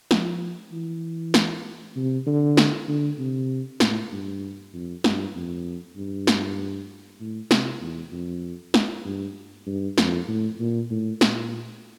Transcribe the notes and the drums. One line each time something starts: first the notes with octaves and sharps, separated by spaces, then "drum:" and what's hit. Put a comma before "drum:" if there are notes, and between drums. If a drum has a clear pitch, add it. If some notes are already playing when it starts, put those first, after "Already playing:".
F3, drum: snare
E3
drum: snare
C3
D3
drum: snare
D3
C3
A2, drum: snare
G2
F2
G2, drum: snare
F2
G2
drum: snare
A2
C3, drum: snare
E2
F2
drum: snare
G2
G2
F2, drum: snare
A2
A#2
A2
A#2, drum: snare